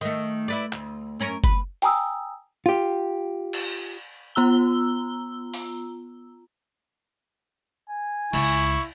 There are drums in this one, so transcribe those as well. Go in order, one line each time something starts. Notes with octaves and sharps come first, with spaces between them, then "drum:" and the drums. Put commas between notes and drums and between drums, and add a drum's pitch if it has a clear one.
D#3 A3, drum: tambourine
E4 B4 D5
D2, drum: clap
F#2 C#4 A#4
B4, drum: kick F#1
G5 G#5 A#5 D#6 E6, drum: open hi-hat
F4 G4
drum: cymbal
B3 F4 A#5 E6 G7
drum: open hi-hat
G#5
C#2 E4 C#6, drum: cymbal